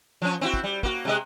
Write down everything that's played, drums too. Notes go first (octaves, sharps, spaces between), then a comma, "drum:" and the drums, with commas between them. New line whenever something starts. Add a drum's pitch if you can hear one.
F3 C#4
C4 E4 F#4
drum: kick
G3
A#3 F#4, drum: kick
C3 G#3 D#5